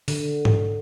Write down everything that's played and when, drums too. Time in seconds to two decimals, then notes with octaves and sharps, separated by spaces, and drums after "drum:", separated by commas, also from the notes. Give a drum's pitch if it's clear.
0.08 D3, drum: open hi-hat
0.45 drum: tom G#2